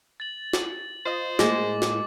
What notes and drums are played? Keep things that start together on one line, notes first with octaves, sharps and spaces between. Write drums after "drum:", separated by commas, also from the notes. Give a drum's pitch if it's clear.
A6 F#7
drum: snare
F4 C5 D#5
A2 G#3 A#3 D6, drum: snare
drum: snare